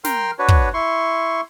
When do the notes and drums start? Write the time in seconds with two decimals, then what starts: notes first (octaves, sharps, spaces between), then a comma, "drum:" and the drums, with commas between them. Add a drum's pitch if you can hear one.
0.04 A#4 G5 C6 F6, drum: snare
0.39 D4 F#4 B4 C#5
0.48 drum: kick
0.74 E4 C6 C#6